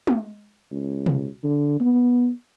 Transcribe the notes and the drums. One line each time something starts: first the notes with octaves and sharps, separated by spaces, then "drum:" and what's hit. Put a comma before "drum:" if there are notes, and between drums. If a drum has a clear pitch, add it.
drum: tom
C#2
drum: tom
D3
B3